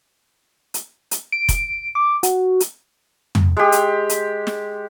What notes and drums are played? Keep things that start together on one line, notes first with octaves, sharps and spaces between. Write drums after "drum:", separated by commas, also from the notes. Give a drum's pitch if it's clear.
drum: hi-hat
drum: hi-hat
D7
drum: kick F1, hi-hat
D6
F#4, drum: hi-hat
drum: hi-hat
drum: tom
G#3 G4
drum: hi-hat
drum: hi-hat
drum: snare